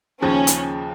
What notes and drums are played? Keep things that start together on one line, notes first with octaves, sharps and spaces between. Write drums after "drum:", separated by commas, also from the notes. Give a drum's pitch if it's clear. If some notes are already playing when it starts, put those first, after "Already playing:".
D#2 C#3 F3 C#4
drum: hi-hat